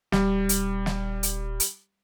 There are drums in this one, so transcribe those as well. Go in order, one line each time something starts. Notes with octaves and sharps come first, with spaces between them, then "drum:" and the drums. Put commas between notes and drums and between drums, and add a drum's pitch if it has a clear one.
D#1 G3, drum: snare
drum: hi-hat
drum: snare
drum: hi-hat
drum: hi-hat